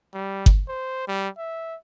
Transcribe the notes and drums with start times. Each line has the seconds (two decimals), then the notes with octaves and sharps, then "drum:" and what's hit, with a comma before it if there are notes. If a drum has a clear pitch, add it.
0.14 G3
0.46 drum: kick G1
0.68 C5
1.08 G3
1.38 E5